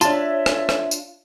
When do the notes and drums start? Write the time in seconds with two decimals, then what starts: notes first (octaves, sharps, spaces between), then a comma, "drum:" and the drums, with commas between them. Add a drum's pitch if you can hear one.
0.01 D4 F4 C#5 E5 A5, drum: tambourine
0.46 drum: rim click
0.69 drum: rim click
0.91 drum: tambourine